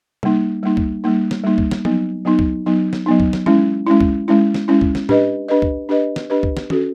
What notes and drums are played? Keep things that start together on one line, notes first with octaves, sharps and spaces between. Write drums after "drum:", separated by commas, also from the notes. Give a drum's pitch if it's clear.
G3 A#3 D#4, drum: tom
G3 A#3 D#4
drum: kick
G3 A#3 D#4
drum: snare
G3 A#3 D#4
drum: kick
drum: snare
F#3 B3 D#4, drum: tom F3
F#3 B3 D#4
drum: kick
F#3 B3 D#4
drum: snare
F#3 B3 D#4
drum: kick
drum: snare
G#3 C#4 E4, drum: tom F3
G#3 C#4 E4
drum: kick
G#3 C#4 E4
drum: snare
G#3 C#4 E4
drum: kick
drum: snare
D4 G4 B4 D#5, drum: tom A2
D4 G4 B4 D#5
drum: kick
D4 G4 B4 D#5
drum: snare
D4 G4 B4 D#5
drum: kick
drum: snare
C#4 F#4 A4, drum: tom